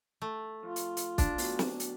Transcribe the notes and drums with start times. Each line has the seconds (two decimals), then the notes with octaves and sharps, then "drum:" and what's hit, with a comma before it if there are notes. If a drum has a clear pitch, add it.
0.22 A3
0.63 F2 F4
0.76 drum: hi-hat
0.97 drum: hi-hat
1.18 D4, drum: kick, hi-hat
1.38 D2 F#3 B3, drum: open hi-hat
1.59 drum: snare
1.80 drum: hi-hat